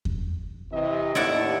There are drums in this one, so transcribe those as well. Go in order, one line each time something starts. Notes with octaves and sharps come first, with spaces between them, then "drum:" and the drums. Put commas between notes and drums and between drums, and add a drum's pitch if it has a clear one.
drum: kick E2
C3 E3 D#5
D#2 A2 E4 D5 F#5